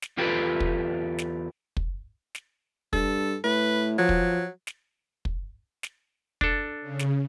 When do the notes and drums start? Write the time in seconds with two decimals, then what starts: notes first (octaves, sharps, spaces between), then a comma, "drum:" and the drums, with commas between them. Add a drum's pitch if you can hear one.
0.02 drum: snare
0.18 E2 F4 G4 A4 B4
0.60 drum: kick
1.18 drum: snare
1.77 drum: kick
2.35 drum: snare
2.93 G2 A4, drum: kick
3.44 A2 B4
3.98 F3 F#3
4.09 drum: kick
4.67 drum: snare
5.25 drum: kick
5.83 drum: snare
6.41 D4 A4, drum: kick
6.81 C#3
6.99 drum: snare